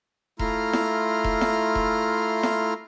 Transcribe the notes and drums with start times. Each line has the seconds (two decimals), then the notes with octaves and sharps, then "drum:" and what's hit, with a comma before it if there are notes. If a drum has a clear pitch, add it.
0.39 A3 E4 F4 A#5 C6 F6, drum: kick E1
0.73 drum: snare E4
1.24 drum: kick E1
1.41 drum: snare E4
1.75 drum: kick E1
2.43 drum: snare E4